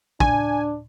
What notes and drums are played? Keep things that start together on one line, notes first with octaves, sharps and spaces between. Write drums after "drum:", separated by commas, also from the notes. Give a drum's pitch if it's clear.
D4 G#5, drum: kick